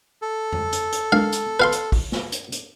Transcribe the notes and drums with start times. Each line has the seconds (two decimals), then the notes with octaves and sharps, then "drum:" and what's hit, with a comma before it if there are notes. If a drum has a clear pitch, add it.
0.22 A4
0.52 drum: tom F2
0.72 drum: hi-hat
0.92 drum: hi-hat
1.12 F5, drum: tom G#3
1.32 drum: hi-hat
1.60 B4 F5 C6
1.72 drum: hi-hat
1.92 drum: kick, open hi-hat
2.12 drum: snare
2.32 drum: hi-hat
2.52 drum: hi-hat